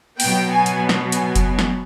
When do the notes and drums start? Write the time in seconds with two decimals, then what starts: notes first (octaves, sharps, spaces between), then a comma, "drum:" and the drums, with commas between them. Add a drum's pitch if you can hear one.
0.20 B2 F#3 B3 G5, drum: open hi-hat
0.51 G#5
0.66 drum: hi-hat
0.89 drum: snare
1.12 G#5, drum: hi-hat
1.35 drum: kick F#1, hi-hat
1.59 drum: snare